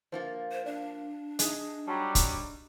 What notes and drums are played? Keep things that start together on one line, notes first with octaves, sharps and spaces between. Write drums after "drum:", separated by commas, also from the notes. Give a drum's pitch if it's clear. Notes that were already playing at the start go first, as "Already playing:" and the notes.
F3 A#3 D4 F4 B4 C5
C5
D4 D5 F5
D#4 G#4 D#5 F#6, drum: hi-hat
F#3 G3 A5 C6 C#6
drum: kick, hi-hat